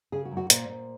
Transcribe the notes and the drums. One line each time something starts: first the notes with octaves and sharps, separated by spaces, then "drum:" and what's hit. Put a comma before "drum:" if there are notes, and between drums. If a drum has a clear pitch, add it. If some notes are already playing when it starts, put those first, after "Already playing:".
C#3 G#4
F#4
F#2
F#4
A#2 C5, drum: hi-hat
A#2